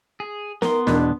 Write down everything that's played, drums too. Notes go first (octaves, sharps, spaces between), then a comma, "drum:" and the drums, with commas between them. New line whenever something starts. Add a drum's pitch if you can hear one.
G#4
B3 A#4 C6, drum: snare
E2 B2 D4 B4, drum: snare